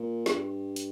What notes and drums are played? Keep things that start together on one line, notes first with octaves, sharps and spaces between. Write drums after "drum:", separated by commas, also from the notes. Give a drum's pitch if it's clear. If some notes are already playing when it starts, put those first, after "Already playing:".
Already playing: A#2
G2, drum: snare
drum: hi-hat